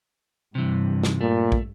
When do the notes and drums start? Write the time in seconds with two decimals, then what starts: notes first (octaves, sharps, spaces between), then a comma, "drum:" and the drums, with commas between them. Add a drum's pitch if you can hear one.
0.55 G2 C3 E3
1.03 drum: snare
1.21 A#2 A3
1.52 drum: kick